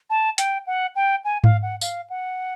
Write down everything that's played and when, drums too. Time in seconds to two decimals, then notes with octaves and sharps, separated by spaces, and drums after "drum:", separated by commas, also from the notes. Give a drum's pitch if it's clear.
0.10 A5
0.38 G5, drum: hi-hat
0.67 F#5
0.96 G5
1.25 G#5
1.44 F5, drum: tom G#2
1.62 F#5
1.81 F5, drum: tambourine
2.10 F#5